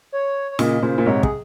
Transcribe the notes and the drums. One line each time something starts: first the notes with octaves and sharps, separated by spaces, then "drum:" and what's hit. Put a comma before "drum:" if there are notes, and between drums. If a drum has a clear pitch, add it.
C#5
C#5
A#2 C#3 D#5, drum: snare
A#2 C#3 C5
A#2
G#2 C3 C#5
G#4, drum: kick